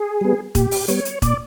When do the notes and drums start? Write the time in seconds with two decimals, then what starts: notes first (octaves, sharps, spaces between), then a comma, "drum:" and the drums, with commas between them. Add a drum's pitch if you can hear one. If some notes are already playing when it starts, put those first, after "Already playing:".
Already playing: G#4
0.21 G3 B3
0.55 A#2 G4, drum: kick E1, hi-hat
0.71 drum: open hi-hat
0.88 G3 B3 C#5, drum: hi-hat
1.05 drum: hi-hat
1.22 A#2 D5, drum: kick E1, hi-hat